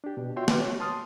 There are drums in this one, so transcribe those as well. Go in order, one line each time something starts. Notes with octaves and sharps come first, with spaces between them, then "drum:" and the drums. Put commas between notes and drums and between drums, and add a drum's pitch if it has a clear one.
D4 G4
B2
F4 F#4 C#5 E5 G5 C6
D#3 F#4 G4 B4 D6 F6, drum: snare
C#5
A5 C6 D#6 F6